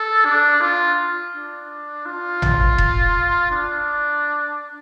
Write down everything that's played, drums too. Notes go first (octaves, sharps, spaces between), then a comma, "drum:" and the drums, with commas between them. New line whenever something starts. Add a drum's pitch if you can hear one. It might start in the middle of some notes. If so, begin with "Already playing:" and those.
Already playing: A4
D4
F4
D4
F4
drum: tom G#1
drum: kick E1
D4